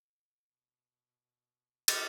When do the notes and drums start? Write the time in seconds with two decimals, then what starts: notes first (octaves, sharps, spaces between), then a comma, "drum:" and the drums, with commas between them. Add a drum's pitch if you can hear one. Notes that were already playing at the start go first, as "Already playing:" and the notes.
Already playing: B2
0.47 B2
1.88 B2, drum: cymbal